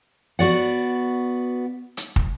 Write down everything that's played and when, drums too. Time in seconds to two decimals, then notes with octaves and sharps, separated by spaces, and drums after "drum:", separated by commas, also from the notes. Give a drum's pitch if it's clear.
0.39 B3 F#4 D5 F#5
1.97 drum: hi-hat
2.16 drum: kick